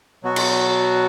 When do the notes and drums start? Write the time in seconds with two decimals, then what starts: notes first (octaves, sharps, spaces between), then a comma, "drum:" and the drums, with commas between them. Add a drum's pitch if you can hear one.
0.23 B2 F#3 B3 F#4
0.36 drum: cymbal